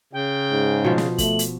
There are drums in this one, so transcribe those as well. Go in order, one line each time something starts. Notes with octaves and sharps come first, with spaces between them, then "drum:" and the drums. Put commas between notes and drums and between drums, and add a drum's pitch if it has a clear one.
C#3 G5
G#2
B2 F3
drum: snare
A3 F#7, drum: kick F#1, hi-hat
drum: hi-hat